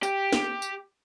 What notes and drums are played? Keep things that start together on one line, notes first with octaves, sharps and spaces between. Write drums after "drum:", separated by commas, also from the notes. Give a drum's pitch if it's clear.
G4, drum: tambourine
drum: snare
drum: tambourine